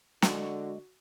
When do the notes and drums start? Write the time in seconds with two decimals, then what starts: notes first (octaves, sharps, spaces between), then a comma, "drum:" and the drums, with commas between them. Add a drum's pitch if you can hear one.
0.22 D3 G#3 F#4, drum: snare